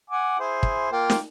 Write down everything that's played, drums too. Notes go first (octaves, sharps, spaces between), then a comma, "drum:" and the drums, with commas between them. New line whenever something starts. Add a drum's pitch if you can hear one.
F#5 G#5 D6
E4 G#4 C5
drum: kick
A#3 F4 G5
drum: snare